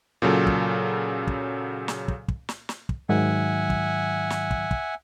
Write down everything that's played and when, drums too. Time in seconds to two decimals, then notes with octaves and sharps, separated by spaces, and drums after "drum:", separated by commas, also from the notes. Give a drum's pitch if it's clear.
0.22 A#2 C#3 F#3 A4
0.47 drum: kick
1.27 drum: kick
1.88 drum: snare
2.08 drum: kick
2.28 drum: kick
2.49 drum: snare
2.69 drum: snare
2.89 drum: kick
3.09 G#2 D#3 F#3 E5 F#5 G#5
3.70 drum: kick
4.30 drum: snare
4.51 drum: kick
4.71 drum: kick